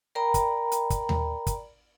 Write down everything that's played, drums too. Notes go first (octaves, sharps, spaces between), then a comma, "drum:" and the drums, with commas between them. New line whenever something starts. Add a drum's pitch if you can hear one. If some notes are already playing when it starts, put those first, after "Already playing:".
A#4 D5 G5 A#5 B5
drum: kick, hi-hat
drum: hi-hat
drum: kick, hi-hat
drum: tom D#2
drum: kick, hi-hat